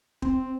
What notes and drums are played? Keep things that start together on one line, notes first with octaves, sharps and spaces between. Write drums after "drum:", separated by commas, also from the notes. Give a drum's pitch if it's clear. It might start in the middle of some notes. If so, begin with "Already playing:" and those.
C4, drum: kick